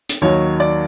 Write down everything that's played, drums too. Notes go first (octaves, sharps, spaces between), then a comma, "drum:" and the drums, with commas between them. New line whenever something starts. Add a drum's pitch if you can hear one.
drum: hi-hat
D#2 D#3 F#3 C#5
D5